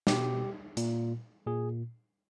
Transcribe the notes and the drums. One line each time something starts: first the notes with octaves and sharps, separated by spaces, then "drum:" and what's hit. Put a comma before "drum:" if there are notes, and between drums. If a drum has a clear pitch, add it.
B2 G4, drum: snare
A#2, drum: hi-hat
A#2 G#4